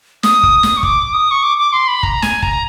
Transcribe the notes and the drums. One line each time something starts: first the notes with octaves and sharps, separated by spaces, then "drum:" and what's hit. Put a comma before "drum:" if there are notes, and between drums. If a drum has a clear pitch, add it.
D#6, drum: snare
drum: kick
drum: snare
C#6
D6, drum: kick
D#6
C#6
D6
D6
C6
B5
A#5, drum: kick
G#5, drum: snare
A#5, drum: kick